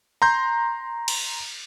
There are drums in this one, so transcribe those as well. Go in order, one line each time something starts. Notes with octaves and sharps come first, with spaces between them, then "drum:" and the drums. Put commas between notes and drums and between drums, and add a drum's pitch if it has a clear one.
A#5 C6 G6
drum: cymbal